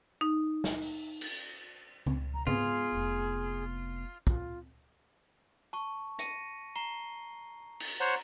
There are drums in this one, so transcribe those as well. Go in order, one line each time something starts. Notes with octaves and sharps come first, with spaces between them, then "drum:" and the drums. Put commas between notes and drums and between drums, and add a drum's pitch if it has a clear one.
D#4
drum: snare
drum: open hi-hat
drum: cymbal
C#2, drum: tom C#3
B1 A#5
G#2 B3 F4 G#4, drum: tom C#3
F1 C3
C4 F4, drum: kick
A5 C#6
A#6 C#7 D#7, drum: hi-hat
A#5 C7 G7
drum: cymbal
C5 C#5 F#5 A#5